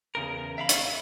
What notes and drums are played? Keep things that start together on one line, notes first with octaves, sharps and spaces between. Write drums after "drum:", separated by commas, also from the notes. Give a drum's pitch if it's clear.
E2 C#3 A#4
E5 F5 B5
drum: hi-hat